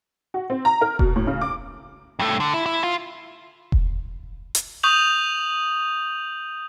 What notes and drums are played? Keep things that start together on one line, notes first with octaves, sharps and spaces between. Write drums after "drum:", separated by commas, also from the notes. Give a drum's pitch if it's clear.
F#4
C4
A#5
A#4
B2, drum: kick E1
A2
C#3
D6
G2 A3
D3
E4
E4
F4
drum: kick E1
drum: hi-hat
C#6 D#6 G6 F7 F#7